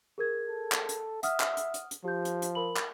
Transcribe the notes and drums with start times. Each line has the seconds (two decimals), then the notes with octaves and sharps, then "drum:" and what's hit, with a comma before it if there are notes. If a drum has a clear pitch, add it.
0.18 G#4 A#4 G#6
0.48 A4
0.72 drum: clap
0.89 drum: hi-hat
1.23 E5 F#5 D#6 F6, drum: hi-hat
1.40 drum: clap
1.57 drum: hi-hat
1.74 drum: hi-hat
1.91 drum: hi-hat
2.04 F3 G4 G6
2.25 drum: hi-hat
2.42 drum: hi-hat
2.55 A#4 B5 F#7
2.76 drum: clap